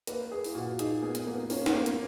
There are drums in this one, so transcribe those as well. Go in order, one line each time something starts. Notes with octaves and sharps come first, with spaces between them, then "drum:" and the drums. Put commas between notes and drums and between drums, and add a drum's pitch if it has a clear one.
A#3 B4, drum: hi-hat
G#4 B4
E4, drum: open hi-hat
A#2 F#4
D#4 G#4, drum: hi-hat
B3 G#4
drum: hi-hat
A#3 B3
A#3 C#4, drum: open hi-hat
C#4, drum: snare
A#3 B3
drum: hi-hat